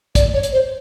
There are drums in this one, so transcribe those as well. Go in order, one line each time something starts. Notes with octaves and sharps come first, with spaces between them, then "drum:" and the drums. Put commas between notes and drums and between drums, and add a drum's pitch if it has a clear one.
D5, drum: kick, hi-hat
C#5
drum: hi-hat
C5